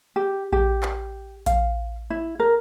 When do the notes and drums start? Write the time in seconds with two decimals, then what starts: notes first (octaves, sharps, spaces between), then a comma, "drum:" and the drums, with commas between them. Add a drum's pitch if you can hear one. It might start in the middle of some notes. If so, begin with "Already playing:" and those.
0.16 G4
0.52 G4, drum: kick A#1
0.83 drum: clap
1.46 F5, drum: kick A#1, hi-hat
2.10 E4
2.40 A#4